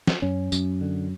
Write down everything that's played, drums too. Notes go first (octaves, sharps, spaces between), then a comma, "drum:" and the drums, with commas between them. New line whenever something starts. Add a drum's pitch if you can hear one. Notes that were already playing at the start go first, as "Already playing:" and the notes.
drum: snare
F#2 C#4
F#2, drum: tambourine
D3